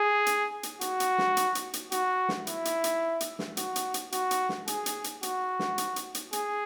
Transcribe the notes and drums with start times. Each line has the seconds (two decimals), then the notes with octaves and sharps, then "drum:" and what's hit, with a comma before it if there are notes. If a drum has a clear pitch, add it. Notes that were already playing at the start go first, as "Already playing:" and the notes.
Already playing: G#4
0.26 drum: hi-hat
0.63 drum: hi-hat
0.81 F#4, drum: hi-hat
1.00 drum: hi-hat
1.18 drum: snare
1.37 drum: hi-hat
1.55 drum: hi-hat
1.73 drum: hi-hat
1.92 F#4, drum: hi-hat
2.29 drum: snare
2.47 E4, drum: hi-hat
2.65 drum: hi-hat
2.84 drum: hi-hat
3.20 drum: hi-hat
3.39 drum: snare
3.57 F#4, drum: hi-hat
3.76 drum: hi-hat
3.94 drum: hi-hat
4.12 F#4, drum: hi-hat
4.31 drum: hi-hat
4.49 drum: snare
4.68 G#4, drum: hi-hat
4.86 drum: hi-hat
5.04 drum: hi-hat
5.23 F#4, drum: hi-hat
5.59 drum: snare
5.78 drum: hi-hat
5.96 drum: hi-hat
6.15 drum: hi-hat
6.33 G#4, drum: hi-hat